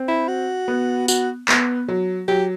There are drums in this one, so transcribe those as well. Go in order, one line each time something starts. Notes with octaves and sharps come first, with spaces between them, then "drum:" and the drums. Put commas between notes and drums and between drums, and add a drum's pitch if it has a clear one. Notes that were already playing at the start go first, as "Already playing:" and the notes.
Already playing: C4
E4
F#4
B3
F#4, drum: tambourine
B3, drum: clap
F#3
F#3 G4